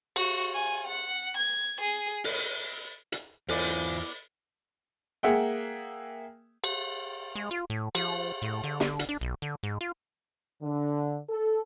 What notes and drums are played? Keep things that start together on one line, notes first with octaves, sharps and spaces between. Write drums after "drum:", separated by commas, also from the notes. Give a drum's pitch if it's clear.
F#4, drum: cymbal
G#5
F#5
G#6
G#4
drum: open hi-hat
drum: hi-hat
E2 B3 E4 F4 C5 D5 G#5, drum: open hi-hat
A#3 G#4 E5 F#5 G5
drum: cymbal
G#3
F4
A2
F3, drum: cymbal
A2
D3
D3, drum: snare
drum: hi-hat
D4
B1
D3
G#2
F4
D3
A4